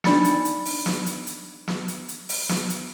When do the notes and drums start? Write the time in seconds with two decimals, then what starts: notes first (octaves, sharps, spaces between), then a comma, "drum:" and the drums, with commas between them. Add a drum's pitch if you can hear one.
0.04 D4 D#4 D5 B5 A6 C#7, drum: snare
0.24 drum: hi-hat
0.45 drum: hi-hat
0.65 drum: open hi-hat
0.86 drum: snare
1.06 drum: hi-hat
1.27 drum: hi-hat
1.68 drum: snare
1.88 drum: hi-hat
2.08 drum: hi-hat
2.29 drum: open hi-hat
2.49 drum: snare
2.70 drum: hi-hat